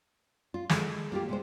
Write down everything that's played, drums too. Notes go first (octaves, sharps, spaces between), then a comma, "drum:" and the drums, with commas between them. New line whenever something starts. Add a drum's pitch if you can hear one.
F4
G#3 A4, drum: snare
A#3 F4 G4
C3 G#3 C5